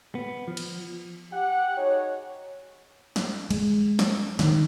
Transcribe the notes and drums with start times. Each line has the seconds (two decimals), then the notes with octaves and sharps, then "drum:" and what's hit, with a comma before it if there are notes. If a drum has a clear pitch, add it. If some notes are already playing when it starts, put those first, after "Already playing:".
0.15 B3
0.48 F3
0.57 drum: cymbal
1.31 G4 F#5
1.76 D#4 F#4 G#4 C#5
3.16 drum: snare
3.51 G#3, drum: cymbal
3.99 drum: snare
4.39 D#3, drum: snare